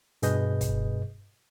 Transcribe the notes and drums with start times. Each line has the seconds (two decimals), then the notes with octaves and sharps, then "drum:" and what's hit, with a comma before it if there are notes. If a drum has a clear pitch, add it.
0.22 G2 B2 G#4 B4 D#5 G6, drum: hi-hat
0.61 drum: kick, hi-hat